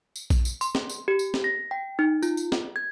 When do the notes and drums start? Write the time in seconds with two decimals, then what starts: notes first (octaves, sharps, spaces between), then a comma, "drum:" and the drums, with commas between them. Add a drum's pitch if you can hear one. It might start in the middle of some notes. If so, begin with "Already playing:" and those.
0.16 drum: tambourine
0.30 drum: kick A#1, tambourine
0.45 drum: tambourine
0.61 C6, drum: tambourine
0.75 drum: snare
0.90 drum: tambourine
1.08 G4
1.19 drum: tambourine
1.34 drum: snare
1.44 A#6
1.71 G5
1.99 D#4
2.23 F4, drum: tambourine
2.37 drum: tambourine
2.52 drum: snare
2.76 G#6